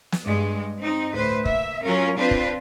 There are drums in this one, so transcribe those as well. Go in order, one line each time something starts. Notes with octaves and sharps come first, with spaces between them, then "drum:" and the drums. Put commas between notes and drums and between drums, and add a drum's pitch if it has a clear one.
drum: snare
G2 G#3
C4 D#4
D2 A2 B4 C5
A#3 E5, drum: kick
F#3 C#4 F4 A#4
C4 D4 F4 B4 C5
drum: kick